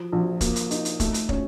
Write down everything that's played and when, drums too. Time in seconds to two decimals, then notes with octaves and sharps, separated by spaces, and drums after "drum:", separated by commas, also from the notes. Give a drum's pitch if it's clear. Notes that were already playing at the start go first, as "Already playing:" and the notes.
Already playing: F3
0.12 A#1
0.41 A#3, drum: kick, hi-hat
0.56 drum: hi-hat
0.71 D#4, drum: hi-hat
0.85 drum: hi-hat
1.00 A3, drum: kick, hi-hat
1.14 drum: hi-hat
1.29 C#4, drum: kick